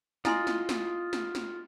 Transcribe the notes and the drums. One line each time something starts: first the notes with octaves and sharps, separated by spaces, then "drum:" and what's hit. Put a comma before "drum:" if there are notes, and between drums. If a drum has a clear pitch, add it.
E4 F4 D#5 G#5 C6, drum: snare
drum: snare
drum: snare
drum: snare
drum: snare